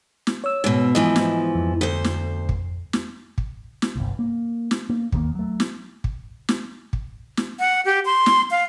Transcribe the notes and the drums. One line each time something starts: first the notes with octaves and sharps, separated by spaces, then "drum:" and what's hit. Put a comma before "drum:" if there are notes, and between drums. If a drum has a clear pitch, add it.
drum: snare
C#5 E6
G#2 B2
G#2 E3 F3 D#5
drum: snare
F2
D2 C5
drum: snare
drum: kick
drum: snare
drum: kick
drum: snare
G1 C2
A#3
drum: snare
A#3
D#2 D#3 F#3 A#3, drum: kick
F#3 A3
drum: snare
drum: kick
drum: snare
drum: kick
drum: snare
F#5
G4
C6
drum: snare
F5